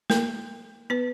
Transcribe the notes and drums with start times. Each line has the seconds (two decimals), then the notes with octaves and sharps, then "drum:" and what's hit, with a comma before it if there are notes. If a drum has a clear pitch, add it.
0.10 A#3 A#4, drum: snare
0.90 B3 B4